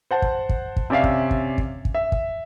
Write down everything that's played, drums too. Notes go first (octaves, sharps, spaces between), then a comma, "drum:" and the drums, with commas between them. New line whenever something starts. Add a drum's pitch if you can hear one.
C5 F#5 A5
drum: kick
drum: kick
drum: kick
C3 C#4 D5 E5 F5
drum: kick
drum: kick
drum: kick
drum: kick
E5
drum: kick